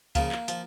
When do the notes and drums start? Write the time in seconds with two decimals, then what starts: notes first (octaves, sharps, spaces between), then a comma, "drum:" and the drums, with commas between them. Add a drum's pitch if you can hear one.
0.15 C#3 F3 A#3, drum: kick C#2, hi-hat
0.32 drum: clap
0.48 F3, drum: hi-hat